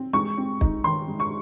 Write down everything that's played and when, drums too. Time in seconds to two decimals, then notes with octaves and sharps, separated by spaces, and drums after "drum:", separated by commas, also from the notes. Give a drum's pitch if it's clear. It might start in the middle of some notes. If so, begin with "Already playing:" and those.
Already playing: C4
0.13 G#3 C#6
0.37 C4
0.61 D#4, drum: kick
0.84 D#3 C6
1.08 G#3
1.20 C#6